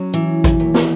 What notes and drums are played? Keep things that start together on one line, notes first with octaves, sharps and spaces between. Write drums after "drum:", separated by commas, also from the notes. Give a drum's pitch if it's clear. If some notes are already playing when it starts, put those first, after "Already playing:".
Already playing: F#3 C#4
E3
drum: kick G#1, hi-hat
D#2
drum: snare